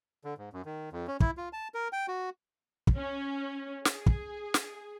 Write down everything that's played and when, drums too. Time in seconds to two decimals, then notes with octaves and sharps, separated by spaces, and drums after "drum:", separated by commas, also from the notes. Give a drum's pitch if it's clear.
0.24 D3
0.38 G#2
0.53 F#2
0.65 D#3
0.93 F2
1.07 C#4
1.20 E4, drum: kick
1.37 F4
1.53 A5
1.74 A#4
1.93 G5
2.08 F#4
2.87 drum: kick
2.96 C#4
3.85 G#4, drum: snare
4.06 drum: kick
4.54 drum: snare